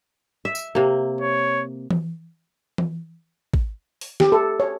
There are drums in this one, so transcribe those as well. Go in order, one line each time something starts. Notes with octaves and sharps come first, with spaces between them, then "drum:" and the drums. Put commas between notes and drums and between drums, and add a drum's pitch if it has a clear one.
E5
drum: tambourine
C3 A#3
C#5
drum: tom E3
drum: tom E3
drum: kick
drum: open hi-hat
G4, drum: snare
A4
C#5